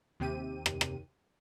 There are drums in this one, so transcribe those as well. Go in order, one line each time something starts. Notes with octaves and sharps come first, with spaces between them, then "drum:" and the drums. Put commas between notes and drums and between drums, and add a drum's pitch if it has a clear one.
D#2 C3 G4 D#7
drum: rim click
drum: rim click